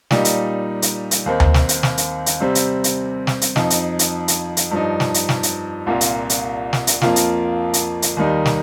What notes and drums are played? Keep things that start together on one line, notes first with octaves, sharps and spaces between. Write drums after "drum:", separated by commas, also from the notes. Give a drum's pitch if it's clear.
A#2 G3 D#4, drum: snare
drum: hi-hat
drum: hi-hat
drum: hi-hat
D#2 D#3 C4
drum: tom D2
drum: snare
drum: hi-hat
drum: snare
drum: hi-hat
drum: hi-hat
C3 G3 C4
drum: hi-hat
drum: hi-hat
drum: snare
drum: hi-hat
F2 F3 D#4, drum: snare
drum: hi-hat
drum: hi-hat
drum: hi-hat
drum: hi-hat
G2 F3 D#4
drum: snare
drum: hi-hat
drum: snare
drum: hi-hat
C2 A#2 A#3 F4
drum: hi-hat
drum: hi-hat
drum: snare
drum: hi-hat
F2 F3 A#3 F4, drum: snare
drum: hi-hat
drum: hi-hat
drum: hi-hat
D#2 D#3 G3 D#4
drum: snare